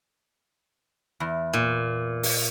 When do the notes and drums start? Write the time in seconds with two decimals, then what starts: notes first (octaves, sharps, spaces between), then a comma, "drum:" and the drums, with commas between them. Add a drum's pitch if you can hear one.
1.20 E2
1.53 A#2
2.23 drum: open hi-hat